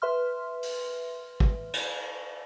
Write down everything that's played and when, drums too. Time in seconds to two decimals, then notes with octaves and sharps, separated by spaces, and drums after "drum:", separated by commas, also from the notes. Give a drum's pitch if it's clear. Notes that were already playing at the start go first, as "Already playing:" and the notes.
0.02 B4 E5 C6 F6
0.63 drum: open hi-hat
1.40 drum: kick
1.74 drum: cymbal